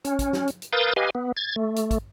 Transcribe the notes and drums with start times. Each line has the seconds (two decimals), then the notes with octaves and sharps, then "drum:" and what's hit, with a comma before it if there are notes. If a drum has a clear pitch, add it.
0.05 C#4, drum: hi-hat
0.19 drum: kick, hi-hat
0.33 drum: snare
0.48 drum: hi-hat
0.62 drum: hi-hat
0.73 A#4 B4 F5 D#6 G6 A6
0.96 G4 B4 D#5 F5 G#5
1.15 B3
1.37 G#6 A6
1.56 A3
1.76 drum: hi-hat
1.91 drum: kick, hi-hat